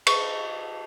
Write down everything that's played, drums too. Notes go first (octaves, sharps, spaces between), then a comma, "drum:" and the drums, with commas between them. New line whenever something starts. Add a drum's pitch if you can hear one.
C#6, drum: cymbal